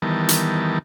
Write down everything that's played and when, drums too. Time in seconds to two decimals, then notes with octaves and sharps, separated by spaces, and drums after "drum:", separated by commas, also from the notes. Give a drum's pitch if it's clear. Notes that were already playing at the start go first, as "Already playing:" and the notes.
0.02 D#3 E3 G3 B3 A#4 A5
0.29 drum: hi-hat